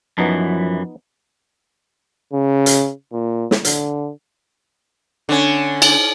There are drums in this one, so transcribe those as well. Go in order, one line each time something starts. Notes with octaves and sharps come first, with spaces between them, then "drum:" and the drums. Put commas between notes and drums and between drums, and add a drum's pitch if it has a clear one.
F#2 E3 F3 B3 D#4 A5
C#3
drum: hi-hat
A#2
drum: snare
D3, drum: hi-hat
D3 C#4
drum: cymbal